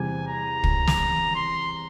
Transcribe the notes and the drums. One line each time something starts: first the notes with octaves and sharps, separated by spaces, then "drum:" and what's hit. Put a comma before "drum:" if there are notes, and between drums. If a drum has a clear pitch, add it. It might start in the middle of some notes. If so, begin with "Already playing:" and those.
Already playing: E2 C3 G3 G#5
A#5
drum: kick
drum: snare
C6